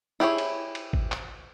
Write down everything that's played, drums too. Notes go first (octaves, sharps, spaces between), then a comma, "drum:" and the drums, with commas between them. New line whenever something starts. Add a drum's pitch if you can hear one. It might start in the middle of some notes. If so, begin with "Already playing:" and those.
E4 G4 G#4 C#5
drum: cymbal
drum: cymbal
drum: kick G#1
drum: clap